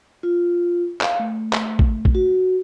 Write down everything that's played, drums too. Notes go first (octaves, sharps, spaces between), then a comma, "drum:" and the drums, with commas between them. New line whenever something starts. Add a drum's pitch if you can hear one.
F4
F5, drum: clap
A3
drum: clap
drum: kick
drum: kick
F#4